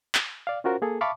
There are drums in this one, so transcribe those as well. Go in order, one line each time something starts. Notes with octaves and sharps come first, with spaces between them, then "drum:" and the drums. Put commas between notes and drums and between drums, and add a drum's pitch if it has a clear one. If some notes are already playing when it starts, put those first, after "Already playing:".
drum: clap
D5 F5
C#4 F4 F#4 A#4 C5
A#3 G#4 A4
E5 F5 A5 B5 C#6 D6